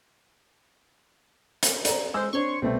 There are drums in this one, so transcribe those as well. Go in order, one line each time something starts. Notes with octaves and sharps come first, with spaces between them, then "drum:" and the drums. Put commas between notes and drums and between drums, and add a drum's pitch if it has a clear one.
drum: hi-hat
D5 A#5, drum: hi-hat
G#3 C5 E6
C4 D4 C#5 C6 C#6
C2 B2 G3 A3 C4